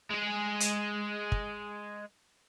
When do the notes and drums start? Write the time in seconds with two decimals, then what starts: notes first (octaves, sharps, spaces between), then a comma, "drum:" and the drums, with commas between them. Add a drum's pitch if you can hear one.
0.11 G#3 G#4
0.60 drum: hi-hat
1.32 drum: kick